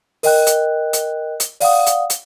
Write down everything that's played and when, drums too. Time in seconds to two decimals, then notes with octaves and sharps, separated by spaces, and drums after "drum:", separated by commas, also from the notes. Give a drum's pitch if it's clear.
0.23 A#4 D#5 G5 F#6, drum: open hi-hat
0.47 drum: hi-hat
0.93 drum: hi-hat
1.40 drum: hi-hat
1.60 D5 F5 F#5 D#6, drum: open hi-hat
1.86 drum: hi-hat
2.10 drum: hi-hat